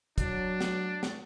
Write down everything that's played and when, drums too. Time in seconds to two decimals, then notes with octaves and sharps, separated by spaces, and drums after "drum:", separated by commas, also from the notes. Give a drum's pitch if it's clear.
0.18 F#3 D4, drum: kick, hi-hat
0.61 drum: snare
1.03 drum: snare